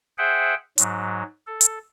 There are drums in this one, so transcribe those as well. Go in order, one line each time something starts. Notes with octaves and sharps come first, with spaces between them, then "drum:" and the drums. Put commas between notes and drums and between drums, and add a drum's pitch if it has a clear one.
G#4 C5 E5 F#5 G5
G#2 F#3, drum: hi-hat
A4
drum: hi-hat